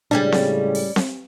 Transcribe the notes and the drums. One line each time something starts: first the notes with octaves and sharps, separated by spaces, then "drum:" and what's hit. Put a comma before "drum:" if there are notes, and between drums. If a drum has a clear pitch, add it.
A2 C#3 G3 G#3 C#4 D4 G4
drum: snare C4
drum: open hi-hat
drum: snare C4